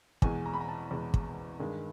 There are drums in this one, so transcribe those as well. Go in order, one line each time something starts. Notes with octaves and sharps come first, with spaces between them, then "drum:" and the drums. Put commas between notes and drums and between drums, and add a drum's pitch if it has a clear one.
E2 B2 G#3 G#5, drum: kick
A#5
B5
A#5
A5
E2 B2 G#3
drum: kick
G2 D#3 G#3